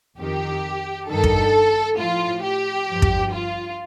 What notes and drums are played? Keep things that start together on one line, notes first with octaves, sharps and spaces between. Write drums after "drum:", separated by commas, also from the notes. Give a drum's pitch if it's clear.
F2 D#3 G4
G2 D#3 A4
drum: kick
A2 F3 F4
G4
G2 F3
drum: kick
F4